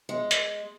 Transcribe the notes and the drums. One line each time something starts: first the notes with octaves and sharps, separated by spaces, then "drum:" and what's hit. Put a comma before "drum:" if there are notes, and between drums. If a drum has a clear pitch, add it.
G#3
drum: hi-hat